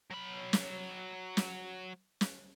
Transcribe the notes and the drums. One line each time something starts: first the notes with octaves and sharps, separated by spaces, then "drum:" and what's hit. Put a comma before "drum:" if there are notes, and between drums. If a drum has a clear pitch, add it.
F#3 B5
drum: snare
drum: snare
drum: snare